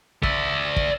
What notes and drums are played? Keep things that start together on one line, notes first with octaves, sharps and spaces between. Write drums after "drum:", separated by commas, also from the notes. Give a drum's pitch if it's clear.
D5 E5, drum: kick
drum: kick